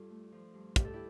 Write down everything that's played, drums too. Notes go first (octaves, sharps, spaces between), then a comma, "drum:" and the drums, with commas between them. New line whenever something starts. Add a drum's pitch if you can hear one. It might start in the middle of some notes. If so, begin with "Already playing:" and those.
Already playing: G2 F4 A4
A3
F3
G2
D2 G4, drum: kick, hi-hat
A4
E4 G4